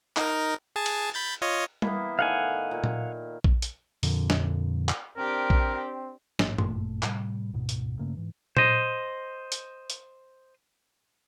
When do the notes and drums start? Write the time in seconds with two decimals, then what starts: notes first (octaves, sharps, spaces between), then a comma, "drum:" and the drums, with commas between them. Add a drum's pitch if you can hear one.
0.17 D#4 A#4, drum: clap
0.76 G#4 G#5 A5
0.86 drum: cymbal
1.14 B5 G6 A6
1.42 F4 C#5 D#5
1.82 E3 A#3 B3, drum: tom G3
2.19 A2 D#3 A4 F5 F#5 G#5
2.71 A#2
2.84 drum: tom A#2
3.44 drum: kick A#1
3.62 drum: hi-hat
4.03 F2 A#2 D3, drum: open hi-hat
4.30 drum: snare
4.89 drum: clap
5.18 C4 D4 G4 A#4
5.50 drum: kick A#1
6.39 A1 G#2 A#3, drum: snare
6.58 G#1 F#2 A#2 A3, drum: tom G2
7.03 A2 C3 G3, drum: clap
7.53 D1 G#2 B2
7.69 drum: hi-hat
7.99 G2 C#3 A3 A#3
8.17 G#2 E3
8.57 C5 D#5, drum: tom A#2
9.52 drum: hi-hat
9.90 drum: hi-hat